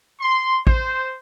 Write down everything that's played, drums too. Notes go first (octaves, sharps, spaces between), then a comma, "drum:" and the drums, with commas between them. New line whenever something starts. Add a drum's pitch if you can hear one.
C6
C5, drum: kick